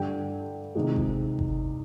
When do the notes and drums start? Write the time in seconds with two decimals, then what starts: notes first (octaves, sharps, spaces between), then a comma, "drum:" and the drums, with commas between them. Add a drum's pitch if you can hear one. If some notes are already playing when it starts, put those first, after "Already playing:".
Already playing: G2 D3 G3 G5
0.75 C3 D#3 G#3
0.96 drum: kick G1
1.39 drum: kick G1